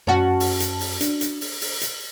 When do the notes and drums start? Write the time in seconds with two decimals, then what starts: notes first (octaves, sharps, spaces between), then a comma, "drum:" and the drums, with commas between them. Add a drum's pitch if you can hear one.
0.07 F#2 C#4 F#4 A5
0.40 drum: open hi-hat
0.60 drum: hi-hat
0.80 drum: open hi-hat
1.01 D4, drum: hi-hat
1.21 drum: hi-hat
1.41 drum: open hi-hat
1.61 drum: open hi-hat
1.81 drum: hi-hat